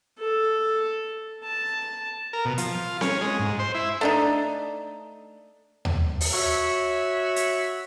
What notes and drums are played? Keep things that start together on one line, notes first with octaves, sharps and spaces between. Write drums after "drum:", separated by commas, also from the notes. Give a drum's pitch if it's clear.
A4
A5
A#4
B2
F3, drum: hi-hat
F4
C#4, drum: snare C4
G#3
G#2
C5
E4
A3 D4 D#4
drum: tom D#2
drum: open hi-hat
F#4 C#5 E5
drum: hi-hat